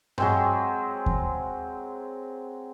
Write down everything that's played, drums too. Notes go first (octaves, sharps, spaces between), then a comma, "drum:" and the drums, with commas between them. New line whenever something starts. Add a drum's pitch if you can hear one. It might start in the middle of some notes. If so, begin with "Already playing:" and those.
F#3 G#3 C4 C5, drum: tom G2
drum: kick D#2